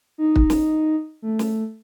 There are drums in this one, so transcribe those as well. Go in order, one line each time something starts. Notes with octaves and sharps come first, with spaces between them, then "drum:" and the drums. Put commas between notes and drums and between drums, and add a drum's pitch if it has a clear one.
D#4
drum: kick
drum: snare
A3
drum: snare